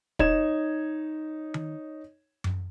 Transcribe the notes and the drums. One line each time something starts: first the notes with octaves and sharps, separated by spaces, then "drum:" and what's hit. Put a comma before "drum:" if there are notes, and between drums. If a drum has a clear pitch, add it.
D#4 C#5 G#6 E7, drum: kick
drum: tom D#3
drum: tom F#2